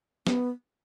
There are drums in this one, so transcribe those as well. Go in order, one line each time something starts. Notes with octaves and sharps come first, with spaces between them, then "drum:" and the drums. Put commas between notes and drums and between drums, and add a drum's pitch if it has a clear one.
B3, drum: snare